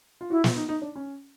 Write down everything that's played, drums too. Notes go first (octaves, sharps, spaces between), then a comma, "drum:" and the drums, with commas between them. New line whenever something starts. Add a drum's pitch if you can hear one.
F4
E4 F#4
F4, drum: snare
D#4
D#4
D4
C#4